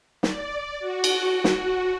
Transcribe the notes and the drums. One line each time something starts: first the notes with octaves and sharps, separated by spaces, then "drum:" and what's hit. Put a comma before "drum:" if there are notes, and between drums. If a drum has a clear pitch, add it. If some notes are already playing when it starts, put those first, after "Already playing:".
D5, drum: snare
F#4
drum: cymbal
drum: snare